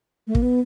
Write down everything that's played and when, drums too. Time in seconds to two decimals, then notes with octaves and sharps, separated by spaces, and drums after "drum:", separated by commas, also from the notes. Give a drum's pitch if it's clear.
0.27 A3
0.35 A#3, drum: kick
0.42 B3